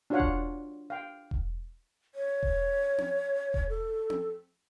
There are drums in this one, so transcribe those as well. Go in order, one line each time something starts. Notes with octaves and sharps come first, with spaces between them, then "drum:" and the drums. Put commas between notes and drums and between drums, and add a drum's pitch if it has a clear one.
D4 F4 F#4 C#5 F5 F#5
drum: kick E1
F5 G5
drum: kick E1
C#5
drum: kick E1
drum: tom C4
drum: kick E1
A4
drum: tom C4